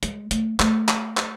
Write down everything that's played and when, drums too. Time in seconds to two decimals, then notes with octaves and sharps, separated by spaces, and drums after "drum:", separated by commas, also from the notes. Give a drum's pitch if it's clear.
0.03 G#3, drum: hi-hat
0.31 A3, drum: hi-hat
0.60 A3, drum: clap
0.88 drum: clap
1.17 drum: clap